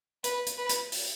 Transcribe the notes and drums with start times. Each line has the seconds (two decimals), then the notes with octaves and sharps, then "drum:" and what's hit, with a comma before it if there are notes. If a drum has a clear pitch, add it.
0.24 B4, drum: hi-hat
0.46 drum: hi-hat
0.58 B4
0.69 drum: hi-hat
0.92 drum: open hi-hat